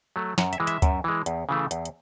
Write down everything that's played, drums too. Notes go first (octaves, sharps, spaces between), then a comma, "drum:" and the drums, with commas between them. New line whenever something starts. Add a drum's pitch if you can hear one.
F#3 A3
F#2 F#5, drum: snare
E5, drum: hi-hat
E3 G#3
E5, drum: hi-hat
F#2, drum: kick D2, hi-hat
E3 G#3
E2, drum: hi-hat
C#3 E3 A3
E2, drum: hi-hat
drum: hi-hat